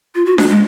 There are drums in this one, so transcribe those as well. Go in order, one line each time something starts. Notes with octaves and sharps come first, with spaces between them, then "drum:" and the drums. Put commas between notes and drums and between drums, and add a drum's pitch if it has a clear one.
F4
F#4
D4, drum: snare D4
G#3